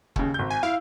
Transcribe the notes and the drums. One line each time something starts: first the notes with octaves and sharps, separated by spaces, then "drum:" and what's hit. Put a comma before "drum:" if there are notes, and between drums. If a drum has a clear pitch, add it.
D#2 C#3, drum: kick
G#1 G6
G#5
E4 F5